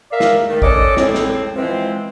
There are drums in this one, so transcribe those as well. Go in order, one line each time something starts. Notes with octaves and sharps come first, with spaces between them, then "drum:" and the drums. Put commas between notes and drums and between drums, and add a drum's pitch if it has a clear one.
A#4 D5 E5 F5
drum: snare
D#3 A3
C#4 D4 A4 D#5 D6, drum: kick G#1
A2 C4, drum: snare
drum: snare
E3 F3 G#3 C4